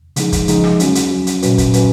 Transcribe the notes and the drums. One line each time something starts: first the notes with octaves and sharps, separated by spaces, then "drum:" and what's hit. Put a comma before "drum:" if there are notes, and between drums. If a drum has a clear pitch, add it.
C#3 F3 G#3 D#4 G#4, drum: hi-hat
drum: kick, hi-hat
C#3 F3 G#3 D#4 G#4, drum: hi-hat
drum: snare
F#3 C#4 F#4, drum: hi-hat
drum: hi-hat
F#3 C#4 F#4
drum: hi-hat
A#2 F#3 C#4 F#4 B4, drum: hi-hat
drum: kick, hi-hat
A#2 F#3 C#4 F#4 B4, drum: hi-hat